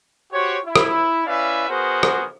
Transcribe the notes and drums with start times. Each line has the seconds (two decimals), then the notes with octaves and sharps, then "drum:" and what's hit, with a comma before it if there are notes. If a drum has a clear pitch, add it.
0.32 F#4 G4 C5 C#5
0.65 E4
0.76 drum: rim click
1.27 C#4 E4 B4 D5 E5 F5
1.68 B3 F#4 G#4 A#4 C5 F#5
2.03 drum: rim click